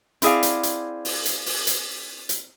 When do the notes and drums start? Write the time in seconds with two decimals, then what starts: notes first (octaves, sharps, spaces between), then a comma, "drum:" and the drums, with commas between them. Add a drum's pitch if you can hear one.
0.22 C4 E4 G#4 D5 F5, drum: hi-hat
0.43 drum: hi-hat
0.63 drum: hi-hat
1.05 drum: open hi-hat
1.25 drum: hi-hat
1.46 drum: open hi-hat
1.67 drum: hi-hat
2.29 drum: hi-hat